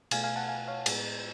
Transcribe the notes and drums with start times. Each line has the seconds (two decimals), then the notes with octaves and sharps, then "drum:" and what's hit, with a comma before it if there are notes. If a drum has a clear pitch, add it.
0.11 B2 A3 F5 G#5, drum: cymbal
0.24 F5 G#5
0.36 F#5 A5
0.48 F5 G#5
0.68 C#5 F5
0.86 A2 G#3 B3 G#4, drum: cymbal